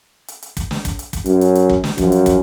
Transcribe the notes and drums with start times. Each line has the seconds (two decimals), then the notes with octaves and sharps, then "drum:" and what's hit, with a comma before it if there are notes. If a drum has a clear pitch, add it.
0.28 drum: hi-hat
0.42 drum: hi-hat
0.57 drum: kick, hi-hat
0.71 drum: snare
0.85 drum: kick, hi-hat
0.99 drum: hi-hat
1.13 drum: kick, hi-hat
1.26 F#2, drum: hi-hat
1.41 drum: hi-hat
1.55 drum: hi-hat
1.70 drum: kick
1.84 drum: snare
1.98 F#2 F3, drum: kick, hi-hat
2.12 drum: hi-hat
2.26 drum: kick, hi-hat